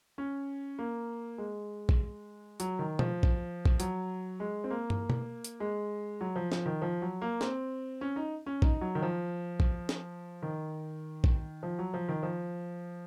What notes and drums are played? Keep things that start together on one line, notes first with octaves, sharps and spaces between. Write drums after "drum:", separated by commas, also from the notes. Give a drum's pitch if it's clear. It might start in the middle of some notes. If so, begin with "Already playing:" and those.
C#4
A#3
G#3
drum: kick A#1
F#3, drum: hi-hat
D#3
F3, drum: tom B2
drum: kick A#1
drum: kick A#1
F#3, drum: hi-hat
G#3
C4
A#3
drum: tom
drum: tom B2
drum: hi-hat
G#3
F#3
F3
F3, drum: snare
D#3
F3
F#3
A#3
C4, drum: snare
C#4
D#4
C#4
D#4, drum: kick A#1
F#3
D#3
F3
drum: kick A#1
drum: snare
D#3
drum: kick A#1
F3
F#3
F3
D#3
F3